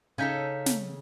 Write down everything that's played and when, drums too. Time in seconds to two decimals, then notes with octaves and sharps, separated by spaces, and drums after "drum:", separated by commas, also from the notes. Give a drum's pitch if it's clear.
0.18 C#3 C#4 D#4 A4 F5 G6 B6
0.66 drum: snare